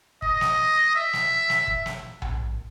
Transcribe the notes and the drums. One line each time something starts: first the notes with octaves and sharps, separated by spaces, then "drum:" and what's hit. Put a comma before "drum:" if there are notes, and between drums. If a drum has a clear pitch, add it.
D#5, drum: kick
drum: snare
E5
drum: snare
drum: snare
drum: kick
drum: snare
drum: tom A#1